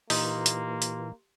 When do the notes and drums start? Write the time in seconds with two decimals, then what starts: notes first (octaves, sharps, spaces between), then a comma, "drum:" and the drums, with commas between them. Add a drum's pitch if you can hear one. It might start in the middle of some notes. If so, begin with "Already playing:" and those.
0.10 A#2 E3 A#3 D#4 G4 C6, drum: open hi-hat
0.46 drum: hi-hat
0.82 drum: hi-hat